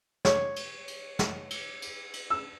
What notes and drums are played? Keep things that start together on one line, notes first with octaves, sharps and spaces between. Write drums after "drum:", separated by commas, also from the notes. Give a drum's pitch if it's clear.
C#5, drum: snare
drum: cymbal
drum: cymbal
drum: snare
drum: cymbal
drum: cymbal
drum: cymbal
E6